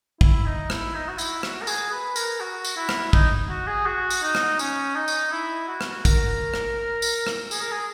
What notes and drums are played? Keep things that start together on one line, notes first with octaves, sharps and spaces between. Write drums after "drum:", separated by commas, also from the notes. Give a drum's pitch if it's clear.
E4, drum: kick
D#4
E4, drum: rim click
D#4
F#4
E4, drum: tambourine
F#4, drum: rim click
A#4
G#4, drum: tambourine
B4
A#4, drum: tambourine
F#4
drum: tambourine
E4
drum: rim click
D#4, drum: kick
F#4
G#4
F#4
drum: tambourine
D#4
drum: rim click
C#4, drum: tambourine
D#4
drum: tambourine
E4
F#4
drum: rim click
A#4, drum: kick, tambourine
drum: rim click
drum: tambourine
drum: rim click
G#4, drum: tambourine
A#4
G#4